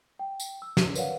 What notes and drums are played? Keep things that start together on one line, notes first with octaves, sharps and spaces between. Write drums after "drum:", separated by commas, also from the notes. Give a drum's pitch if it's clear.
G5
drum: tambourine
E6
drum: snare
A#4 B4 C#5 D5 F5 F#5, drum: tambourine